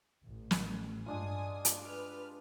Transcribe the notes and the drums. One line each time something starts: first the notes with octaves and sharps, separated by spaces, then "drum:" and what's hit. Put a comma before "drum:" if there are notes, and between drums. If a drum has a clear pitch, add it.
A1
drum: snare
G2 G#3 D4 F4 G#5 D#6
drum: hi-hat
G4 B4 F6